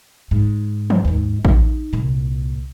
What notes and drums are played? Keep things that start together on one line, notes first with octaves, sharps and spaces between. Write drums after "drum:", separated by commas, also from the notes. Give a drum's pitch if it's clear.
G#2
drum: tom
D#2 G#2
D#4, drum: kick A1
C2 A#2